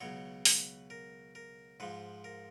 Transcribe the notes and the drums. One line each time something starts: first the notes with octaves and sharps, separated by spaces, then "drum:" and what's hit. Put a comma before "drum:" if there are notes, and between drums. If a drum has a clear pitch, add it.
C#2 B2 F#3 C#5
B4, drum: open hi-hat
A#4
A#4
G#2 F3 B4
A#4